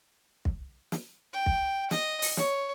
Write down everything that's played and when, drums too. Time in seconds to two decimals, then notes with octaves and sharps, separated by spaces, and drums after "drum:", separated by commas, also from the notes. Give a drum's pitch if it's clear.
0.45 drum: kick
0.92 drum: snare
1.33 G5
1.46 drum: kick
1.91 D#5, drum: snare
2.22 drum: open hi-hat
2.37 C#5, drum: snare